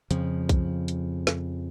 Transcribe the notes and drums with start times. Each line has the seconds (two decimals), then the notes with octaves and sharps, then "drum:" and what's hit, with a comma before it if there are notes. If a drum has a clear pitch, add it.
0.11 F2 C#3 F3, drum: hi-hat
0.49 drum: kick B1, hi-hat
0.88 drum: hi-hat
1.27 drum: snare